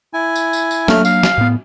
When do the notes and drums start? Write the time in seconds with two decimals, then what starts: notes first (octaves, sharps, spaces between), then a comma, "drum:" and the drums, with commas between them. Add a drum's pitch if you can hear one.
0.13 E4 G#5
0.36 drum: tambourine
0.53 drum: tambourine
0.71 drum: tambourine
0.88 F#3 A3 A#3 D4 F6, drum: snare
1.05 F5, drum: tambourine
1.23 drum: snare
1.38 A2 B3